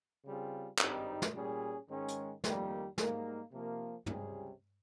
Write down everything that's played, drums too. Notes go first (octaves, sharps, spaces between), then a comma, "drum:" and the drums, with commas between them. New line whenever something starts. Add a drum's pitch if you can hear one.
C#3 G3 C4 F4 G#4
G#1 G2 G3 C4 D#4, drum: clap
drum: snare
A#2 G3 C#4 G#4
G#2 D#3 G#3 C#4
drum: hi-hat
F2 D#3 G3 A#3, drum: snare
G#2 G3 A#3 D#4, drum: snare
C3 F3 A#3
C#2 C3 G3 C#4 G#4, drum: tom